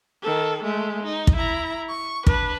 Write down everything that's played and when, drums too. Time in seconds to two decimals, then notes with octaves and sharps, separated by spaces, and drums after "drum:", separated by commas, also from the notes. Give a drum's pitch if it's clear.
0.22 D#3 A4
0.64 G#3 A3
1.04 D#4
1.27 drum: kick
1.36 E4 A#5
1.89 C#6
2.27 D4 B4, drum: kick